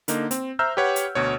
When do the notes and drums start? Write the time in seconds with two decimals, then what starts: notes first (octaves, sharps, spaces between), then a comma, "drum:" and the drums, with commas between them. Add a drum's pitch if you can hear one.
0.08 D3 A#3 D#4, drum: hi-hat
0.31 C4, drum: hi-hat
0.59 C5 E5 A#5 E6 F6 G6
0.77 G4 B4 C#5 F#5
0.96 drum: hi-hat
1.15 D2 B2 C#5